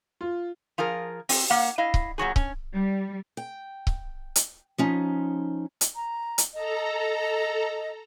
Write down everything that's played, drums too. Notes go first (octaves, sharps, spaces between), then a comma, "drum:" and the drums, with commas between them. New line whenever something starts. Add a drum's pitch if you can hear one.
F4
F3 F4 G#4 A#4
C4, drum: open hi-hat
A#3 F5 F#5
E4 D#5 F5
drum: kick C#1
A#2 F#3 F#4 G#4
C#4, drum: kick C#1
G3
G5
drum: kick C#1
drum: hi-hat
F3 C#4 D#4
drum: hi-hat
A#5
drum: hi-hat
A4 D#5 A#5